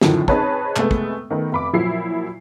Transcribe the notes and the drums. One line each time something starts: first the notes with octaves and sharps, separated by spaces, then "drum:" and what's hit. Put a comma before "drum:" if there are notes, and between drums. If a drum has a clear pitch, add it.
F#2 A2 D3 D#3 F3 F#3, drum: snare
C4 D#4 G#4 B4 C#5 A5, drum: kick
C3 G#3 A3 B3, drum: clap
drum: kick
D#3 A3 B3 D#4
F1 B5 D6
A#2 F3 F#3 E4 C7